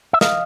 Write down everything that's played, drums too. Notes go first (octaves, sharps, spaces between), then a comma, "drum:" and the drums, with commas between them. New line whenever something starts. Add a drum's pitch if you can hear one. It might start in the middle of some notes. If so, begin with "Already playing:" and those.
E5
D#5 F5, drum: snare